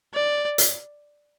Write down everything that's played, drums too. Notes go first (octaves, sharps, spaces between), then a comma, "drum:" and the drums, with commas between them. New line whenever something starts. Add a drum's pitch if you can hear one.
D5
drum: hi-hat